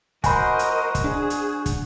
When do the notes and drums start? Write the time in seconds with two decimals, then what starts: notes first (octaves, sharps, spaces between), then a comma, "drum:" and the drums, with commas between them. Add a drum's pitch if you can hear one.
0.24 F#4 A#4 C5 D#5 G#5 B5, drum: kick, hi-hat
0.59 drum: hi-hat
0.95 drum: kick, hi-hat
1.04 D4 G#4
1.30 drum: hi-hat
1.66 drum: kick, hi-hat